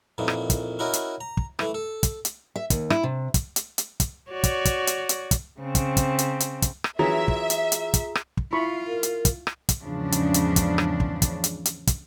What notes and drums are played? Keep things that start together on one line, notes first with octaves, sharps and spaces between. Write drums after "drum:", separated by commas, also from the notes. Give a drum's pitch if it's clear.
F2 A#2 D#3 E3
drum: rim click
drum: kick, hi-hat
C#4 E4 F#4 A#4 D#5
drum: hi-hat
A#5
drum: kick
E3 A3, drum: rim click
A4
drum: kick, hi-hat
drum: hi-hat
E5
D#2, drum: kick, hi-hat
E4, drum: rim click
C3
drum: kick, hi-hat
drum: hi-hat
drum: hi-hat
drum: kick, hi-hat
F#4 C#5 D5
drum: kick, hi-hat
drum: kick, hi-hat
drum: hi-hat
drum: hi-hat
drum: kick, hi-hat
C#3 C4
drum: kick, hi-hat
drum: kick, hi-hat
drum: hi-hat
drum: hi-hat
drum: kick, hi-hat
drum: rim click
E3 F#3 C#4 F4 G#4 E5 A#5
drum: kick
drum: hi-hat
drum: hi-hat
drum: kick, hi-hat
drum: rim click
drum: kick
E4 F4 B5 C#6
A#4
drum: hi-hat
drum: kick, hi-hat
drum: rim click
drum: kick, hi-hat
E2 G#2 C#3 F3 D4
drum: hi-hat
drum: hi-hat
drum: kick, hi-hat
drum: rim click
drum: kick
drum: kick, hi-hat
drum: hi-hat
drum: hi-hat
drum: kick, hi-hat